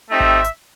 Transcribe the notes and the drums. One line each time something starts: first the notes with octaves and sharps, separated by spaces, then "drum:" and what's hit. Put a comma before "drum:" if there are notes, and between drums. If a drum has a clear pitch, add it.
A3 C4 D#4 G4 E5
drum: kick G#1
drum: hi-hat